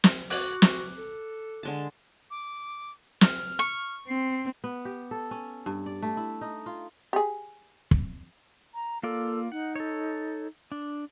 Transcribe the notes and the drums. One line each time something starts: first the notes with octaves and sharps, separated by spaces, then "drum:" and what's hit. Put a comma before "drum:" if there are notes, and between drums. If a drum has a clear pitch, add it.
drum: snare
F#4 D6 F#6, drum: open hi-hat
drum: snare
A4
D3 G#3 A5
D6
F6, drum: snare
C#6
C4 C7
B3
G4
A4
C#4
G2
D5
A3
E4
D#4
F4
G4 G#4
drum: kick
A#5
A#3 F4 A4 D5
D#4 F#5
A4 C#5
D4